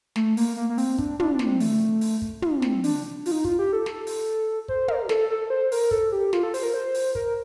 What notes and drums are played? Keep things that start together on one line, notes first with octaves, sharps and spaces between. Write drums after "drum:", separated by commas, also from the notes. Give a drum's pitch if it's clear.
A3, drum: snare
A#3, drum: open hi-hat
A#3
A#3
C4, drum: open hi-hat
D4, drum: kick
D4, drum: tom
D4
C4, drum: snare
A3, drum: open hi-hat
drum: open hi-hat
drum: kick
drum: tom
D4
C4, drum: snare
D4, drum: open hi-hat
F4, drum: open hi-hat
D#4
F4, drum: kick
G4
A4
drum: snare
drum: open hi-hat
C5, drum: kick
A#4, drum: tom
A4, drum: snare
A4
C5
A#4, drum: open hi-hat
A4, drum: kick
G4
F4, drum: snare
A4
C5, drum: open hi-hat
A#4
C5
drum: open hi-hat
A#4, drum: kick